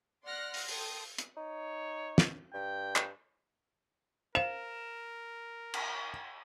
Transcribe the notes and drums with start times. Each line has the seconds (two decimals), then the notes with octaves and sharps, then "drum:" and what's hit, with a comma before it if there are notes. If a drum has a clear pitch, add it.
0.24 D5 F#5 C6 F6 F#6 A#6
0.54 drum: open hi-hat
0.68 A4 G5 A5 C6 D#6, drum: open hi-hat
1.18 drum: hi-hat
1.37 D#4 C#5
2.18 drum: snare
2.54 G2 G5
2.96 drum: clap
4.35 A#4 C5 F5 E7
5.74 drum: cymbal